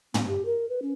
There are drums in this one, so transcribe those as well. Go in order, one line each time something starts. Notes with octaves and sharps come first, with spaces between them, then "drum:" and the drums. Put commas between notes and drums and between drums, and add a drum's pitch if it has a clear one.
B3, drum: tom
G4
A#4
B4
C#4